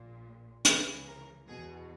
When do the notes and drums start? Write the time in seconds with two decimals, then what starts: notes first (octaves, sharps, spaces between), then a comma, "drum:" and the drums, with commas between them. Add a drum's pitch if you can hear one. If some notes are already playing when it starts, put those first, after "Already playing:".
Already playing: A#1 A#2
0.65 C#2 C#3 E3 B4, drum: hi-hat
1.07 A#4
1.48 E2 B2 G#4